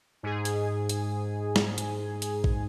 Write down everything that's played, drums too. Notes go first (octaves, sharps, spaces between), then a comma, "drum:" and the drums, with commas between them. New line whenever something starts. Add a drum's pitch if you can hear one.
G#2 G#4
drum: hi-hat
drum: hi-hat
drum: snare
drum: hi-hat
drum: hi-hat
drum: kick